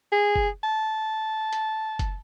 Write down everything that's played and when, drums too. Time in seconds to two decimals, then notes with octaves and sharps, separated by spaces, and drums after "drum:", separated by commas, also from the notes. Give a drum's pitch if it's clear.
0.12 G#4
0.36 drum: kick F#1
0.63 A5
1.53 drum: hi-hat
1.99 drum: kick F#1, hi-hat